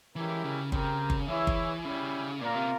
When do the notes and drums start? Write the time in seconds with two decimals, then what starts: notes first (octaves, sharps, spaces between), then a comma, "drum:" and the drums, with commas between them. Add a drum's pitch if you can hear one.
0.16 E3 G#3 C#4 E4 G4 A#4
0.44 C#3
0.72 C#3 C4 G4 A#4, drum: kick G1
1.10 drum: kick G1
1.28 E3 E4 G#4 C#5 E5
1.47 drum: kick G1
1.85 C#3 G3 C#4 E4
2.40 A#2 A#3 F4 A#4 F5
2.55 C3